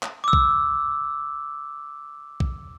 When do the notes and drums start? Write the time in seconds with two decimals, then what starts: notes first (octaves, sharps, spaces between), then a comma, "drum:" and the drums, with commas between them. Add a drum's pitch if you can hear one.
0.03 drum: clap
0.24 D6 E6
0.33 drum: kick B1
2.40 drum: kick B1